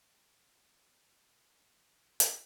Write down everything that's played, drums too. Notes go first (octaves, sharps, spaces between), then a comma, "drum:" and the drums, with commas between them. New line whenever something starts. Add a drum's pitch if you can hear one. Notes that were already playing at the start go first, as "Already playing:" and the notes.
C#3 B5
drum: hi-hat